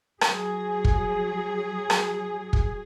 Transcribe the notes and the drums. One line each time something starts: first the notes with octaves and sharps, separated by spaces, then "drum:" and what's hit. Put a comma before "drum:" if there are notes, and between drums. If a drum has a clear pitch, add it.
F#3 G#4, drum: rim click
drum: kick
drum: rim click
drum: kick